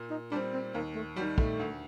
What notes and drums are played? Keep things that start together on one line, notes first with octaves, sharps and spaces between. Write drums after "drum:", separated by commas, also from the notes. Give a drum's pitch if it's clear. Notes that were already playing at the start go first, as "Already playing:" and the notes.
Already playing: A#2
D#4
G3 C4 D4
C4
D#2 A#3
A3
D#3 F#3 G3
A3, drum: kick
D2